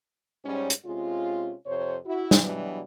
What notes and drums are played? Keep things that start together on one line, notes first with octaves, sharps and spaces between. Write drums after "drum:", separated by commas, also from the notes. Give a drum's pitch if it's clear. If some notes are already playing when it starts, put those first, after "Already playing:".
G#2 G3 C#4
drum: hi-hat
C3 G#3 C#4 F4
F2 C3 C5 C#5
E4 F#4
drum: snare
B2 E3 F#3 G3 D4